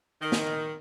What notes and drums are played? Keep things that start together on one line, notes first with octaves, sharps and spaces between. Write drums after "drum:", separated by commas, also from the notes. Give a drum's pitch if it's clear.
D#3
drum: snare